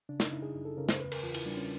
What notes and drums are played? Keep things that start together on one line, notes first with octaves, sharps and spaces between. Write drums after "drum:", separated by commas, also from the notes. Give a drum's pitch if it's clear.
C#3 D4
D#4, drum: snare
C#3 E4
G#4
F#2
A4
C#3 A#4
C5, drum: snare
E2 B4
A#4, drum: cymbal
E2 F4
E4, drum: cymbal
G3 D4
C#4